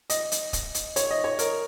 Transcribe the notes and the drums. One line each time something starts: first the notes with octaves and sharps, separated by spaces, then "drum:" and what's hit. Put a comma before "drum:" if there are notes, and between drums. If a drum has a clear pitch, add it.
D#5, drum: hi-hat
drum: hi-hat
drum: kick D#1, hi-hat
drum: hi-hat
C#5, drum: hi-hat
D#5
C#5
A#4, drum: hi-hat